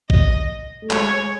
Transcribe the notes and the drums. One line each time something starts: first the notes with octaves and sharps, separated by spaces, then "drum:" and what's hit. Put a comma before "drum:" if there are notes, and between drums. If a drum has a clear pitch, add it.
D#5, drum: kick
A3
G#3 C#5, drum: clap